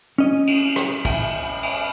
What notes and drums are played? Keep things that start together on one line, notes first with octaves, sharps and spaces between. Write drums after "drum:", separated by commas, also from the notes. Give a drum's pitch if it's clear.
C#4 D#5
drum: cymbal
drum: rim click
drum: kick, cymbal
drum: cymbal